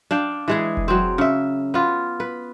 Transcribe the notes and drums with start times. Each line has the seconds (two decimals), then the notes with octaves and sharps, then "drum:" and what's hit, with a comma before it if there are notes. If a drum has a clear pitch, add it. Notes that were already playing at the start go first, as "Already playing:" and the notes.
0.11 D4 F5 G5
0.48 E3 G#3 G#4
0.77 drum: kick F1
0.88 F#3 C4
1.18 C#3 E5
1.74 B3 F4
2.20 B4